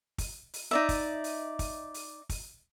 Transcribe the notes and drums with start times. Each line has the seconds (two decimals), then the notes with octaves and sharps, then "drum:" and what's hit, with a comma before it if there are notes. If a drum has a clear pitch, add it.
0.18 drum: kick, open hi-hat
0.54 drum: open hi-hat
0.71 D#4 D5 E5
0.89 drum: kick, open hi-hat
1.24 drum: open hi-hat
1.59 drum: kick, open hi-hat
1.94 drum: open hi-hat
2.29 drum: kick, open hi-hat